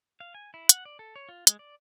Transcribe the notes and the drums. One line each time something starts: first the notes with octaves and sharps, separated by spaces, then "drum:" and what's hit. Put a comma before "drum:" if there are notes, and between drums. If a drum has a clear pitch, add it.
F5
G#5
E4
F#5, drum: hi-hat
D5
A4
C#5
F4
G#3, drum: hi-hat
D5